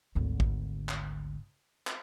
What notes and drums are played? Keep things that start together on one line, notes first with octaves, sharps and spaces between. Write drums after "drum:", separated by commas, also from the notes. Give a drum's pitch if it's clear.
G#1 D2
drum: kick
drum: clap
drum: clap